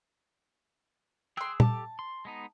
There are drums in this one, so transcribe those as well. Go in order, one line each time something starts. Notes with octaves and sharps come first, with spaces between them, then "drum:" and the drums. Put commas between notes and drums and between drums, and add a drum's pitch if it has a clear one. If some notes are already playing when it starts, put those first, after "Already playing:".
G#4 G5 C6 E6 F#6
G4 A4 A5 D6, drum: tom
C6
G#3 B3 D#4